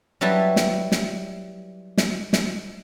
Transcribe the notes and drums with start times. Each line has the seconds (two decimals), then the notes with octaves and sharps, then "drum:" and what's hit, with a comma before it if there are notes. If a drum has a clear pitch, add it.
0.21 F#3 G3 E4 B4 A5
0.56 drum: snare
0.92 drum: snare
1.98 drum: snare
2.33 drum: snare